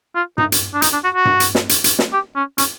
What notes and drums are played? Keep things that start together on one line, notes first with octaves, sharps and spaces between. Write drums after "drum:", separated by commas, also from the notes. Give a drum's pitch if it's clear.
F4
D#4, drum: tom G2
drum: hi-hat
D4
D#4, drum: hi-hat
D4
F#4
F#4
drum: tom G2
drum: hi-hat
drum: snare
drum: hi-hat
drum: hi-hat
drum: snare
G4
C#4
C#4, drum: hi-hat